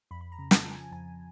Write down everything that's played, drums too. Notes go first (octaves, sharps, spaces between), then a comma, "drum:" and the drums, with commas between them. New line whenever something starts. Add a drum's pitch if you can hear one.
F2 B5
B5
A#5
C#3
A5, drum: snare
F3
G#5
F2 G#5